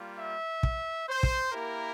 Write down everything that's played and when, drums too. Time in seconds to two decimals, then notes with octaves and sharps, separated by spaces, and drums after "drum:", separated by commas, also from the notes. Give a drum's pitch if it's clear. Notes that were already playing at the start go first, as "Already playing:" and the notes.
Already playing: G3 A#3 F4
0.19 E5
0.63 drum: kick
1.08 C5
1.23 drum: kick
1.53 A#3 E4 G4 A#4